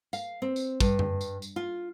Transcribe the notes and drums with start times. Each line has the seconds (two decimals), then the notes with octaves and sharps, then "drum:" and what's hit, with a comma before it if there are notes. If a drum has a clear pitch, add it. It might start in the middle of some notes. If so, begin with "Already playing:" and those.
0.13 F5, drum: tambourine
0.42 C4
0.56 drum: tambourine
0.80 G2, drum: kick, tambourine
0.99 drum: tom F#2
1.21 drum: tambourine
1.42 drum: tambourine
1.56 F4